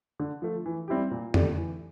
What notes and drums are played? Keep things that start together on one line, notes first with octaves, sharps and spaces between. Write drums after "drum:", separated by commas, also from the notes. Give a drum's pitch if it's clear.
D3
F3 A3
E3
G3 C4 E4 G4
A#2
A3 D4 G4, drum: tom
E3